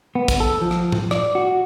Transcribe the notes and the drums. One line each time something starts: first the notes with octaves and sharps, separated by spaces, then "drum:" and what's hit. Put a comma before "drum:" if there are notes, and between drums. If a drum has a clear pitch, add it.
B3
drum: kick, hi-hat
A4
F3
drum: rim click
drum: tom A2
D5, drum: rim click
F#4